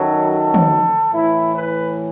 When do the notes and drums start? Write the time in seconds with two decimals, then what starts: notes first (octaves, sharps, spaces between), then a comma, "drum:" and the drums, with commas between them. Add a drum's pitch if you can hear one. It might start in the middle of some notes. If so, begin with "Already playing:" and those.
Already playing: F#2 D#3 F#3 A4
0.31 A4
0.54 drum: tom
1.12 A2 E3 E4
1.53 B4